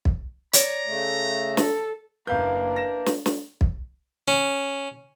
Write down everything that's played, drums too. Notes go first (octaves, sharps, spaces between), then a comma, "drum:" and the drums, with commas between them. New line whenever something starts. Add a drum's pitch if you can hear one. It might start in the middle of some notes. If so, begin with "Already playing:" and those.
drum: kick
C#5 D5 A#5, drum: hi-hat
C#3 A3
A4, drum: snare
F#1 A#3 D4 B4 E5 F5 A#5 G6
A#6 E7
drum: snare
drum: snare
drum: kick
C#4